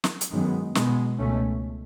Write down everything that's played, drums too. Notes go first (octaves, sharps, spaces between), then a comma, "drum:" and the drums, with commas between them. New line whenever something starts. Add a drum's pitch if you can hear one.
drum: snare
drum: hi-hat
F#2 D#3 G#3 B3
B2 G#3 B3, drum: snare
C#2 B2 A3 C#4